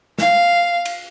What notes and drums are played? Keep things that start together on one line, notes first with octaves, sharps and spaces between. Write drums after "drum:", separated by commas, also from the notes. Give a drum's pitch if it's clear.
F5, drum: snare
drum: cymbal